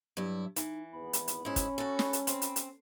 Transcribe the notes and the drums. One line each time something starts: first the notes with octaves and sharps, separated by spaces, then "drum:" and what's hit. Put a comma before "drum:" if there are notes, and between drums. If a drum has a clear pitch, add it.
G2 F#3 E4
E3 D#4, drum: hi-hat
G#1 E2 B3 B5
drum: hi-hat
drum: hi-hat
G#2 C#4 E4
drum: kick, hi-hat
F#4 A4
drum: snare
drum: hi-hat
C4, drum: hi-hat
drum: hi-hat
drum: hi-hat